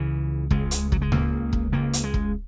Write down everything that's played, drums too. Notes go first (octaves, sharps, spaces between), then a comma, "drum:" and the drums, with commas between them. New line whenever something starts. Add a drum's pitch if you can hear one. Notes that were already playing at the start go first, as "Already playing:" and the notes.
Already playing: C#2 C#3 E3
C#2 C#3 G#3, drum: kick
drum: hi-hat
F#3, drum: kick
G#3
C#2 C#3 A#3, drum: tom C#2
drum: kick
C#2 C#3 A#3
drum: hi-hat
G#3
drum: kick